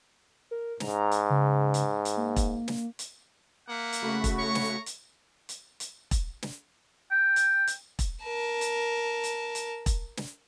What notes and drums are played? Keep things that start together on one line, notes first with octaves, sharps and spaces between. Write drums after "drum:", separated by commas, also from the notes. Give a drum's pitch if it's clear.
A#4
G#2 A#5, drum: snare
drum: hi-hat
C#3
drum: hi-hat
drum: hi-hat
A#3
drum: kick E1, hi-hat
drum: snare
drum: hi-hat
A#3 E5 F#5
drum: hi-hat
C#3 A3 F#4 B5
drum: kick E1, hi-hat
C#5 A#5 C#6
drum: snare
drum: hi-hat
drum: hi-hat
drum: hi-hat
drum: kick E1, hi-hat
drum: snare
G5
drum: hi-hat
drum: hi-hat
drum: kick E1, hi-hat
A#4 A5
drum: hi-hat
drum: hi-hat
drum: hi-hat
drum: kick E1, hi-hat
drum: snare